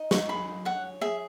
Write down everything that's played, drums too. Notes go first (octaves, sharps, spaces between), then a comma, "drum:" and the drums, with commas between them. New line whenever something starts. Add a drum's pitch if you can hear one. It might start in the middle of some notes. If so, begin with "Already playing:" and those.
Already playing: D#4 D#5
C#6, drum: snare
G#4 B5
C#5 F#5
G#4 E5